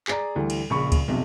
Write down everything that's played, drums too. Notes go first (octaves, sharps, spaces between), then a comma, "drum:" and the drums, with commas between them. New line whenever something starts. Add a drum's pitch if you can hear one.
G#4 D5 A#5, drum: clap
D2 E3 G3
drum: cymbal
A#1 C#3 B5 C#6
drum: kick C#2, cymbal
B1 F2 C3